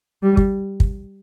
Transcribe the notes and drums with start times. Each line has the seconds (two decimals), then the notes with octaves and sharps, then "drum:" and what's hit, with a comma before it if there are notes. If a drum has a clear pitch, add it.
0.23 G3
0.37 drum: kick
0.80 drum: kick